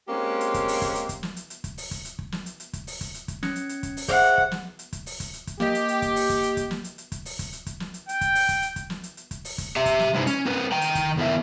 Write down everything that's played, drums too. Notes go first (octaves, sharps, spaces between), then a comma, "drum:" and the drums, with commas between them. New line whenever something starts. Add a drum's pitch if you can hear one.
G#3 A#3 C4 C#4 G4
drum: hi-hat
drum: kick, hi-hat
drum: open hi-hat
drum: kick, hi-hat
drum: hi-hat
drum: kick, hi-hat
drum: snare
drum: hi-hat
drum: hi-hat
drum: kick, hi-hat
drum: open hi-hat
drum: kick, hi-hat
drum: hi-hat
drum: kick
drum: snare
drum: hi-hat
drum: hi-hat
drum: kick, hi-hat
drum: open hi-hat
drum: kick, hi-hat
drum: hi-hat
drum: kick, hi-hat
C#4 G#6 C#7, drum: snare
drum: hi-hat
drum: hi-hat
drum: kick, hi-hat
drum: open hi-hat
G#4 C5 E5 F#5, drum: kick, hi-hat
drum: kick
drum: snare
drum: hi-hat
drum: kick, hi-hat
drum: open hi-hat
drum: kick, hi-hat
drum: hi-hat
drum: kick, hi-hat
A#3 G4 D#5, drum: snare
drum: hi-hat
drum: hi-hat
drum: kick, hi-hat
drum: open hi-hat
drum: kick, hi-hat
drum: hi-hat
drum: kick, hi-hat
drum: snare
drum: hi-hat
drum: hi-hat
drum: kick, hi-hat
drum: open hi-hat
drum: kick, hi-hat
drum: hi-hat
drum: kick, hi-hat
drum: snare
drum: hi-hat
G5, drum: hi-hat
drum: kick, hi-hat
drum: open hi-hat
drum: kick, hi-hat
drum: hi-hat
drum: kick, hi-hat
drum: snare
drum: hi-hat
drum: hi-hat
drum: kick, hi-hat
drum: open hi-hat
drum: kick, hi-hat
G4 E5
drum: kick, hi-hat
drum: snare
C3 G#3 D#4 E4 B4 C5
C#4, drum: hi-hat
C4 A#4 B4
D#3 G5 A#5
drum: hi-hat
drum: kick, hi-hat
D#3 B3 E4 A#4 E5